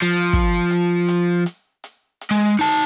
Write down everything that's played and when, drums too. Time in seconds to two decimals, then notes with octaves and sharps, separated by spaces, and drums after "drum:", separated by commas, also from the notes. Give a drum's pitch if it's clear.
0.03 F3
0.33 drum: kick, hi-hat
0.71 drum: hi-hat
1.08 drum: hi-hat
1.46 drum: hi-hat
1.84 drum: hi-hat
2.21 drum: hi-hat
2.31 G#3
2.59 D#4 A5, drum: open hi-hat